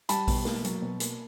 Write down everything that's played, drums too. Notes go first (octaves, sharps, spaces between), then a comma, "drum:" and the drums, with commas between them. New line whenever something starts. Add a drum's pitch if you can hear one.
G3 A5 B5, drum: hi-hat
B2, drum: kick A#1, open hi-hat
A#3, drum: snare
F#3, drum: hi-hat
B2
A#3, drum: hi-hat